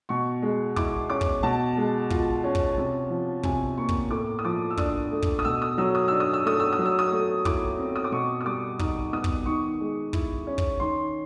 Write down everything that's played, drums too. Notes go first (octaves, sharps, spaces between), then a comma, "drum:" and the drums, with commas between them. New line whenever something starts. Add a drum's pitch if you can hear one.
B2 C#6
G#3
E4 D6, drum: kick
C#4 D6
drum: kick
B2 A5
G#3
F4, drum: kick
C#4
drum: kick
C3
F3
C3 G#5, drum: kick
A#3 C#6
drum: kick
A2 D6
D#6
F3 D6
E6
D4 D#6, drum: kick
A3
drum: kick
D#6
B2 E6
D#6
F#3 E6
D#6
D4 E6
D#6
E6
A3 D#6
E6
D#6
F#3
E6
D#6
A3
E4 D6, drum: kick
C4
D#6
D6
B2 C#6
D#6
G3 D6
D#4 D#6, drum: kick
B3 D#6
drum: kick
D#3 C#6
G#3
E4, drum: kick
C#4
drum: kick
D#3 C6